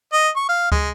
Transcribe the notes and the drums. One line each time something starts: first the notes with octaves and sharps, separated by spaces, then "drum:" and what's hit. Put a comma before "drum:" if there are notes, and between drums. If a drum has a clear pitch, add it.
D#5
C#6
F5
G#3, drum: kick